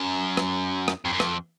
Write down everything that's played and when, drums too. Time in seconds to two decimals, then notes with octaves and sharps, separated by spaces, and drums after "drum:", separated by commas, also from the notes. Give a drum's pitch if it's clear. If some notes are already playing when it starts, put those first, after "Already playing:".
Already playing: F#2
0.37 drum: rim click
0.88 drum: rim click
1.05 F2
1.13 F#2
1.20 F2, drum: rim click